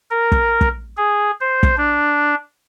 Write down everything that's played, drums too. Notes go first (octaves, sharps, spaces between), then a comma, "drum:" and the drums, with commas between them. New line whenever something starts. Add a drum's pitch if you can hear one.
A#4
drum: kick
drum: kick
G#4
C5
drum: kick
D4